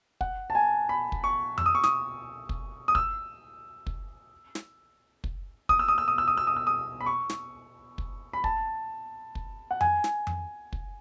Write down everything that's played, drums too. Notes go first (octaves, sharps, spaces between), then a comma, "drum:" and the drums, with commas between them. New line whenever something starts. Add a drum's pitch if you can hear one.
F#5, drum: kick
A5
G#5
B5
drum: kick
C#6
E6, drum: tom F2
D#6
C#6
D#6, drum: snare
drum: kick
D#6
E6, drum: kick
drum: kick
drum: snare
drum: kick
D#6, drum: kick
E6
D#6
E6
D#6
E6
D#6
E6
D#6
E6
D#6
B5
C#6
drum: snare
drum: kick
B5
A5, drum: kick
drum: kick
F#5
G#5, drum: tom F2
drum: snare
drum: tom F2
drum: kick